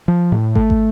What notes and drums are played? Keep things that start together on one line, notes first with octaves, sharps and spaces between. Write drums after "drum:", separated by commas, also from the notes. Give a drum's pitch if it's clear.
F3
A2
A3, drum: kick
drum: kick